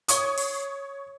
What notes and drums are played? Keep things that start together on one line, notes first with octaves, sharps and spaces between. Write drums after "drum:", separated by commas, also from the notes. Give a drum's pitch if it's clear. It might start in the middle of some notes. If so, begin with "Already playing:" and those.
C#5 C#6 D#6, drum: hi-hat
drum: open hi-hat